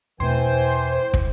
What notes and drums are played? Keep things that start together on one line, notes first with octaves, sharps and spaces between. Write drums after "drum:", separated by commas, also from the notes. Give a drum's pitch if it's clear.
E2 B2 E3 A3 C5 G5 G#5
drum: kick